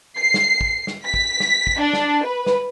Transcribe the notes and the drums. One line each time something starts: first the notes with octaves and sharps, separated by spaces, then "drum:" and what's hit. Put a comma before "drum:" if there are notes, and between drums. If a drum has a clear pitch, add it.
C7
drum: snare
drum: kick
drum: snare
B6
drum: kick
drum: snare
drum: kick
D4
drum: snare
B4
drum: snare